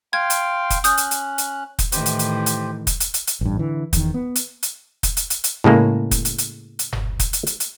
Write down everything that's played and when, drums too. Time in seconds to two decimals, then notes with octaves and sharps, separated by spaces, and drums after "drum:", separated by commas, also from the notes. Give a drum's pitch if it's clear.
0.13 F5 G5 C6 G#6
0.30 drum: hi-hat
0.70 drum: kick, hi-hat
0.84 C#4 D#6 F#6 G6, drum: hi-hat
0.97 drum: hi-hat
1.11 drum: hi-hat
1.38 drum: hi-hat
1.79 drum: kick, hi-hat
1.92 A2 D#3 E3 G4 C5, drum: hi-hat
2.06 drum: hi-hat
2.19 drum: hi-hat
2.46 drum: hi-hat
2.87 drum: kick, hi-hat
3.00 drum: hi-hat
3.14 drum: hi-hat
3.27 drum: hi-hat
3.41 A1 G2
3.59 D3 E3
3.93 E2 D#3, drum: kick, hi-hat
4.14 B3
4.36 drum: hi-hat
4.63 drum: hi-hat
5.03 drum: kick, hi-hat
5.17 drum: hi-hat
5.30 drum: hi-hat
5.44 drum: hi-hat
5.64 A2 C#3 G#3 A#3
6.11 drum: kick, hi-hat
6.25 drum: hi-hat
6.38 drum: hi-hat
6.79 drum: hi-hat
6.92 drum: tom F#1
7.20 drum: kick, hi-hat
7.33 drum: hi-hat
7.47 drum: hi-hat
7.60 drum: hi-hat